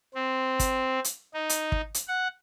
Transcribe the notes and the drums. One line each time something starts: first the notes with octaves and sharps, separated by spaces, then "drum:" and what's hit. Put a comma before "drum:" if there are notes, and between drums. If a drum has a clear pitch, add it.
C4
drum: kick, hi-hat
drum: hi-hat
D#4
drum: hi-hat
drum: kick
drum: hi-hat
F#5